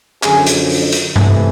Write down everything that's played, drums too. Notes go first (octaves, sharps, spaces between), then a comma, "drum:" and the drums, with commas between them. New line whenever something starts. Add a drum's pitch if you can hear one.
F#2 D3 F3 G#4, drum: clap
drum: hi-hat
drum: open hi-hat
drum: hi-hat
C3 E3 A3, drum: tom G2